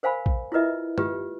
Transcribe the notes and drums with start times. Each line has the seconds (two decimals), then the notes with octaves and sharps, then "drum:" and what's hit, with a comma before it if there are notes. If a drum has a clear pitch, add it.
0.03 A#4 C5 F5 G#5 B5
0.26 drum: kick A#1
0.52 E4 F4 A#4 B4 D#5 E5
0.98 F4 G4 B4, drum: tom